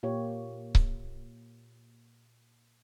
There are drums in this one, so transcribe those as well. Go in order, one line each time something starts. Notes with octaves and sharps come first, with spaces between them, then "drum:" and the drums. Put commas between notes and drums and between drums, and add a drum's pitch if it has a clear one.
A#2 A#3 G4 C#5
drum: kick C#1